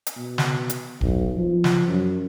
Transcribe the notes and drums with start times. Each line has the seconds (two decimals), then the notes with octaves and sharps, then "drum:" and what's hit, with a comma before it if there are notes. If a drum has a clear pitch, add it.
0.06 drum: hi-hat
0.16 B2
0.38 drum: snare
0.70 drum: hi-hat
1.01 B1, drum: kick
1.36 F3
1.64 drum: snare
1.89 F#2